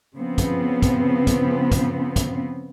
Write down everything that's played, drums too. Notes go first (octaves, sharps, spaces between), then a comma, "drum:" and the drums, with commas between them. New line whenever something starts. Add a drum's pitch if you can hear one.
C#3 F3 B3 C4
drum: kick, hi-hat
drum: kick, hi-hat
drum: kick, hi-hat
drum: kick, hi-hat
drum: kick, hi-hat